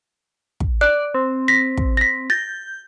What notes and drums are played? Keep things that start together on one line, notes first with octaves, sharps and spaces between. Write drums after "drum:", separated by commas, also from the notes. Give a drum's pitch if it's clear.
drum: kick
D5 F#6
C4
A#6 B6
drum: kick
A#6 B6
G6 A6 A#6